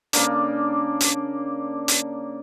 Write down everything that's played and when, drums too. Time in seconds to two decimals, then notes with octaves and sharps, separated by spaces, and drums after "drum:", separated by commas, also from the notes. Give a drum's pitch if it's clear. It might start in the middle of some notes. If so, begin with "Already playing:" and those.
0.13 C#3 A#3 D4, drum: hi-hat
1.01 drum: hi-hat
1.88 drum: hi-hat